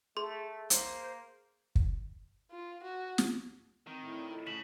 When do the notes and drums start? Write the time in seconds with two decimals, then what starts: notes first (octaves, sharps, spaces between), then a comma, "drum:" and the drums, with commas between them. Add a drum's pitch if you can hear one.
0.17 A3 G#4 C6
0.70 A#3 C5, drum: hi-hat
1.76 drum: kick
2.51 F4
2.83 F#4
3.18 drum: snare
3.87 D#3 C4
4.01 A2
4.16 D5
4.30 F4 A4 D#5
4.47 C#3 A3 C#4 B6 E7 F#7